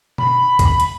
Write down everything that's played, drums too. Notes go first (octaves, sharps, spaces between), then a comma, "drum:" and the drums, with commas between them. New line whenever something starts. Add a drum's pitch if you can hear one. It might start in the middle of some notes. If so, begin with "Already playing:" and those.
B5, drum: tom B2
drum: kick C#2, hi-hat
drum: hi-hat